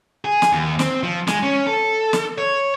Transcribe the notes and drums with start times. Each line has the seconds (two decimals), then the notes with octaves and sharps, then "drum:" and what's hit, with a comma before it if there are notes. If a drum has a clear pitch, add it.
0.25 G#4
0.42 drum: snare
0.53 D#2
0.79 C4, drum: snare
1.03 F3
1.27 G#3, drum: snare
1.43 C#4
1.67 A4
2.13 drum: snare
2.38 C#5